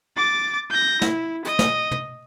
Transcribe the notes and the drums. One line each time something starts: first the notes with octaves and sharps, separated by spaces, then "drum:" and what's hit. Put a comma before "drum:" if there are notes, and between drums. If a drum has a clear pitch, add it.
D6 A6
G6 A#6
E4, drum: snare
D#5, drum: hi-hat
drum: snare
drum: tom